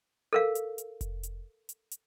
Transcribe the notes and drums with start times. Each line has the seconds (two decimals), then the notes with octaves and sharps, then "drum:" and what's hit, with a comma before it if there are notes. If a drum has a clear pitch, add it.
0.33 A4 A#4 F5
0.55 drum: hi-hat
0.78 drum: hi-hat
1.01 drum: kick F1, hi-hat
1.23 drum: hi-hat
1.69 drum: hi-hat
1.91 drum: hi-hat